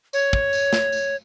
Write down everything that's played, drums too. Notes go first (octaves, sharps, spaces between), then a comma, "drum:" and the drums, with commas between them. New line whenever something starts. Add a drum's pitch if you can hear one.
C#5, drum: tambourine
drum: kick
drum: tambourine
drum: snare
drum: tambourine